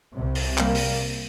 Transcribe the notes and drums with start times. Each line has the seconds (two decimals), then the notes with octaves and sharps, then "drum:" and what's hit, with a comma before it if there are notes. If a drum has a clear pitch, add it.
0.13 C2 C3
0.35 drum: open hi-hat
0.58 G3 A#3, drum: clap
0.75 drum: open hi-hat